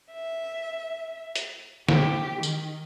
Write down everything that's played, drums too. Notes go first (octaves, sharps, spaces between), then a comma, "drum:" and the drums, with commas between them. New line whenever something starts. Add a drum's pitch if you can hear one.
E5
drum: hi-hat
G4, drum: snare
D#3, drum: tambourine